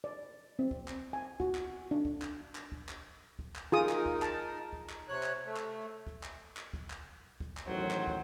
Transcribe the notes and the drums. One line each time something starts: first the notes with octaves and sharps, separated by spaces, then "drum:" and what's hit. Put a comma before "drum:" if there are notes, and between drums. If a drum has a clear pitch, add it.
D5
C4
drum: kick
drum: clap
G#5
F#4, drum: kick
drum: clap
D4
drum: kick
drum: clap
drum: clap
drum: kick
drum: clap
drum: kick
drum: clap
D#4 F4 G#4 A#4 D#6
drum: clap
drum: kick
A5, drum: clap
drum: kick
drum: clap
C3 C#5 F#6
drum: clap
A3
drum: clap
drum: kick
drum: clap
drum: clap
drum: kick
drum: clap
drum: kick
drum: clap
A1 D#3 F#3 C5
drum: clap
drum: kick